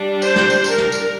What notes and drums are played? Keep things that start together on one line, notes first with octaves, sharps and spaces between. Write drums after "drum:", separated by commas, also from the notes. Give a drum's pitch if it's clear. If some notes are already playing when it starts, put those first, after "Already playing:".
Already playing: G3 D4
C5, drum: tambourine
drum: snare
drum: tambourine
A#4, drum: tambourine
drum: snare
drum: tambourine